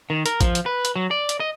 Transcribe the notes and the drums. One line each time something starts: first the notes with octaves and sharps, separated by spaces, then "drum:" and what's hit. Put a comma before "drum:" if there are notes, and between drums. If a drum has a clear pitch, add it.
D#3
A#4, drum: hi-hat
F3, drum: kick A1, hi-hat
drum: hi-hat
B4
drum: hi-hat
F#3
D5
drum: hi-hat
D#5